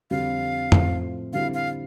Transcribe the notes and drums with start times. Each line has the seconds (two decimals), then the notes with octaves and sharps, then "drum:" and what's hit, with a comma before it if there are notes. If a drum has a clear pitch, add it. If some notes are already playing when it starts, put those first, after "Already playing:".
0.11 F2 D3 G3 C4 F5
0.72 A2 F3 C4, drum: tom F2
1.33 D3 G3 C4 E4 F5
1.54 F5